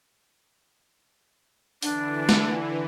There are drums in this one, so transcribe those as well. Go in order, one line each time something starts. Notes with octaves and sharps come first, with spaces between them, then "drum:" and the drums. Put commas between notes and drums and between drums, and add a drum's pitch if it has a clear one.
D3 E3 D4, drum: open hi-hat
drum: snare